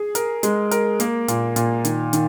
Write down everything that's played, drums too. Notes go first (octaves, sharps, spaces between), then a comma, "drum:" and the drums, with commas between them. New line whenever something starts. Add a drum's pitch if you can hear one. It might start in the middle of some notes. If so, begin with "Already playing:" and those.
Already playing: G#4
A#4, drum: hi-hat
G#3, drum: hi-hat
A#4, drum: hi-hat
A#3, drum: hi-hat
A#2, drum: hi-hat
A#2, drum: hi-hat
D#3, drum: hi-hat
D#3, drum: hi-hat